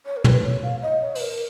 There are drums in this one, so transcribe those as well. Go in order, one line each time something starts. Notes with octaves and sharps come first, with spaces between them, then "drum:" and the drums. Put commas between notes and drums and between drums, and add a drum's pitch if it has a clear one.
C#5
A#4
B4, drum: tom
C#5
F5
D#5
C#5
B4, drum: open hi-hat
A#4